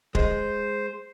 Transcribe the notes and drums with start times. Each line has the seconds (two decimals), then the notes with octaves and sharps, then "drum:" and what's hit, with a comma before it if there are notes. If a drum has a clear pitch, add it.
0.15 G#3 C5, drum: kick